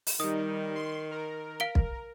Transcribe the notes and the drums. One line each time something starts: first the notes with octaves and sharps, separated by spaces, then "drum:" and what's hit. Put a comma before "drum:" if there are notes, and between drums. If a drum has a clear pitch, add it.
drum: open hi-hat
D#3 G3 D#4 D#6
C6
A#4
F5 D7 G7
drum: kick